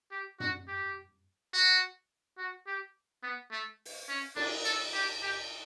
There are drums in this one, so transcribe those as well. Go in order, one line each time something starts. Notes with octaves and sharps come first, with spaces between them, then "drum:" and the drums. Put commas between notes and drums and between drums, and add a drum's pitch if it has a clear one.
G4
F#4, drum: tom
G4
F#4
F#4
G4
B3
A3
drum: open hi-hat
C#4
D4, drum: cymbal
A4, drum: hi-hat
G4
G4